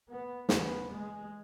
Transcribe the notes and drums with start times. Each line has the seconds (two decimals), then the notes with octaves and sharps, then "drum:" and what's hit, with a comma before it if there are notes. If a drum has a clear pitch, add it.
0.09 B3
0.49 E2 C#3 B3, drum: snare
0.89 G#3